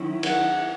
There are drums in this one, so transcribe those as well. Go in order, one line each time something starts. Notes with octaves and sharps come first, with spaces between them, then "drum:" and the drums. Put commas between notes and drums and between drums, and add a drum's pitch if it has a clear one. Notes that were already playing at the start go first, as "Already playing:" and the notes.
Already playing: D#3 F#3 C#4 E4
F#5, drum: cymbal